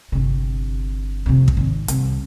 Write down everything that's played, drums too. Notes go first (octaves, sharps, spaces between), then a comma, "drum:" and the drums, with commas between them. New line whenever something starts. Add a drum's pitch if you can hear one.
G1 C3
F2 C3
drum: kick
G#1
C2, drum: hi-hat